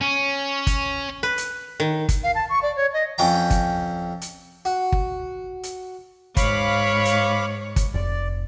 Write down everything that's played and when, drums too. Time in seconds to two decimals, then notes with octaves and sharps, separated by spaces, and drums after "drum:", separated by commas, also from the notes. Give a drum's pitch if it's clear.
0.01 C#4
0.67 drum: kick, hi-hat
1.23 B4
1.38 drum: hi-hat
1.80 D#3
2.09 drum: kick, hi-hat
2.23 F5
2.35 A5
2.49 C#6
2.63 D5
2.76 C#5
2.93 D#5
3.18 F2 C#4 G5 A#5
3.51 drum: kick, hi-hat
4.21 drum: hi-hat
4.65 F#4
4.92 drum: kick
5.63 drum: hi-hat
6.37 G#2 C#5 F5 B5 D6, drum: kick, hi-hat
7.05 drum: hi-hat
7.76 drum: kick, hi-hat
7.94 F1 D5